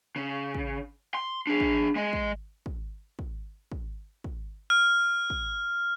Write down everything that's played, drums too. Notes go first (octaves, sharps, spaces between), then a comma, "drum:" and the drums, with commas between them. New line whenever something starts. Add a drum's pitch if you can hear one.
C#3
drum: kick
C6
D4 G#4
drum: kick
G#3 D#5
drum: kick
drum: kick
drum: kick
drum: kick
drum: kick
F6
drum: kick